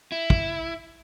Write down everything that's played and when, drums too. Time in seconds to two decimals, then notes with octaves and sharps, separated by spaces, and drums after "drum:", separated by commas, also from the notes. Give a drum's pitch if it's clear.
0.12 E4
0.30 drum: kick